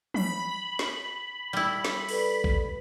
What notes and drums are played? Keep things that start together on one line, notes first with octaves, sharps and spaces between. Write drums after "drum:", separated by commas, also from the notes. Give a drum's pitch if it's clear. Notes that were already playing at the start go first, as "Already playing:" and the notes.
B5, drum: tom
drum: snare
G3 E4
drum: snare
A4 B4 D5, drum: open hi-hat
drum: kick A#1